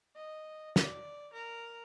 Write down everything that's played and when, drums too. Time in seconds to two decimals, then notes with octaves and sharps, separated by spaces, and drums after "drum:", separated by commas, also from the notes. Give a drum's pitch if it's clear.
0.16 D#5
0.76 D5, drum: snare
1.32 A#4